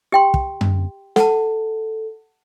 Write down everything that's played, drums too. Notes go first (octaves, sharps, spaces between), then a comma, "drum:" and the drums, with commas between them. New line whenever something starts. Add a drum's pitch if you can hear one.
G4 G5 C6
drum: kick
drum: tom F#2
A4 F#5 A5, drum: snare